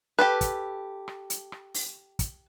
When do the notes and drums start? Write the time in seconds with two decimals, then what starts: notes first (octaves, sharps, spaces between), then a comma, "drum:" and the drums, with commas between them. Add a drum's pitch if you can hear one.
0.19 G4 A4 B4
0.41 drum: kick, hi-hat
1.08 drum: rim click
1.30 drum: hi-hat
1.52 drum: rim click
1.74 drum: open hi-hat
2.19 drum: kick, hi-hat